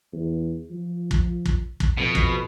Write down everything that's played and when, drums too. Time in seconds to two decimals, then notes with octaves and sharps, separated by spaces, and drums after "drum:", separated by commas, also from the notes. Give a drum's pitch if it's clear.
0.12 E2
0.71 F3
1.11 drum: kick
1.46 drum: kick
1.80 drum: kick
1.98 F2 B2
2.15 drum: kick